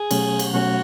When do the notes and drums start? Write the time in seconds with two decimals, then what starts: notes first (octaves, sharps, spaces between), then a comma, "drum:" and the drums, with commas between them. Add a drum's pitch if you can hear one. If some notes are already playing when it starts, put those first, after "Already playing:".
Already playing: G#4
0.11 B2 F#3 A3 C#4, drum: cymbal
0.39 drum: cymbal
0.54 B2 F#3 A3 C#4 F#4